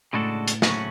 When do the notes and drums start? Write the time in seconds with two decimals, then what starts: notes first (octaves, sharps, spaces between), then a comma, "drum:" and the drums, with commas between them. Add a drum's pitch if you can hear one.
0.13 A2 C#3 G#3 D4 F#4 A4
0.48 drum: hi-hat
0.62 C#3 F#3 A3 C#4 F#4, drum: snare